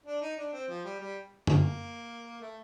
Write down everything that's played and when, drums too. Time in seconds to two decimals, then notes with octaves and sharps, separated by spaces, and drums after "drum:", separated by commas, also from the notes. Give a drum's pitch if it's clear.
0.06 D4
0.22 D#4
0.37 D4
0.53 C4
0.68 F3
0.85 G3
1.00 G3
1.47 A#3, drum: tom F#2
2.41 A3